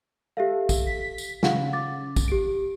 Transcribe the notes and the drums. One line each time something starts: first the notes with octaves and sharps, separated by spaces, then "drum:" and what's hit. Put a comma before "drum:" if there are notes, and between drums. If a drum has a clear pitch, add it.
G4 A4 E5 F5
drum: kick, tambourine
B6
drum: tambourine
C#3 F4 F5 F#5, drum: snare
D6 A6
drum: kick, tambourine
G4 D7